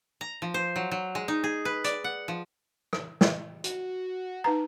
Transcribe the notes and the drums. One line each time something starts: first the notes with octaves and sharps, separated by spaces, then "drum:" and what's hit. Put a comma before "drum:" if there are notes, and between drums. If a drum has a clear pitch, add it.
A#5
F3
C5
F#3
F#3
G#3
D#4
G#4
B4
D5, drum: hi-hat
F#5
F3
drum: rim click
drum: snare
F#4, drum: hi-hat
D#4 B4 A#5